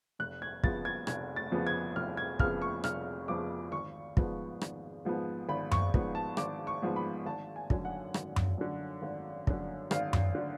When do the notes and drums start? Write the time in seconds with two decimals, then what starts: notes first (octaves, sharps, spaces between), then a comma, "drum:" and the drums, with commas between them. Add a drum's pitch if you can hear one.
0.19 F1 F#6
0.42 G#6
0.64 F2 C#3 F3 B3 A6, drum: kick
0.85 G#6
1.07 F1 G#6, drum: rim click
1.36 A6
1.52 F2 C#3 F3 B3
1.67 G#6
1.96 F1 F6
2.17 G#6
2.39 F2 C#3 F3 B3 F6, drum: kick
2.62 C#6
2.84 F1 F6, drum: rim click
3.28 F2 C#3 F3 B3 D6
3.72 G#1 C#6
4.17 G#2 F3 B3, drum: kick
4.61 G#1, drum: rim click
5.05 G#2 F3 B3
5.49 G#1 B5
5.71 C#6, drum: tom F#2
5.94 G#2 F3 B3, drum: kick
6.15 A5
6.37 G#1 D6, drum: rim click
6.67 C#6
6.82 G#2 F3 B3
6.96 B5
7.26 G#1 A5
7.56 G#5
7.70 F#2 D3, drum: kick
7.85 F#5
8.14 G#1, drum: rim click
8.36 drum: tom F#2
8.58 F#2 D3
9.02 G#1
9.47 F#2 D3, drum: kick
9.91 G#1 F5, drum: rim click
10.13 drum: tom F#2
10.35 D3